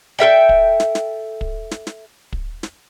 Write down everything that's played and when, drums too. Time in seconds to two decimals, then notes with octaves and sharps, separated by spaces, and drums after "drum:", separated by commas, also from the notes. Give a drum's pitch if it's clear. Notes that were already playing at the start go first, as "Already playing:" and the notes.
0.19 A4 A#4 E5 G5
0.49 drum: kick
0.80 drum: snare
0.95 drum: snare
1.41 drum: kick
1.71 drum: snare
1.87 drum: snare
2.33 drum: kick
2.63 drum: snare